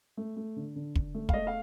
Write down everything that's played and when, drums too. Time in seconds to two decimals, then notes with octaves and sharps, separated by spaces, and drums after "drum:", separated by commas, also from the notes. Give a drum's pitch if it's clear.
0.17 A3
0.37 A3
0.56 D3
0.76 D3
0.95 D3, drum: kick
1.15 A3
1.29 F5, drum: kick
1.34 A3 D#5
1.47 F5